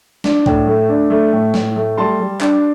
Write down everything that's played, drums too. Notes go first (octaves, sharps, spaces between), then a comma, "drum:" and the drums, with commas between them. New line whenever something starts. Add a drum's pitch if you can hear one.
D4, drum: snare
A2, drum: kick
A3
D4
A3
A2
A2, drum: snare
A3
G3 A5 C6
G3
D4, drum: clap